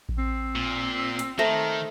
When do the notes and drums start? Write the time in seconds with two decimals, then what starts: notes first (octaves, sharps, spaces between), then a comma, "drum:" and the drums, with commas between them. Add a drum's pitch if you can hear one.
0.09 drum: kick A#1
0.18 C4
0.56 A#2
1.19 drum: hi-hat
1.39 D#3 A3 C5 A#5